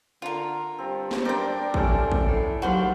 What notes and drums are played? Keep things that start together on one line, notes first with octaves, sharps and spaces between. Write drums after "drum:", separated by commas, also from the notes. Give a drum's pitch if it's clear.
D3 F4 A#4
G2 C4
drum: snare
D4 A#4 C5 D5 G5
C3 A3 C#4 A4, drum: kick
drum: kick
A2
D#2 F#3 F#4 B4 C5 D5 F5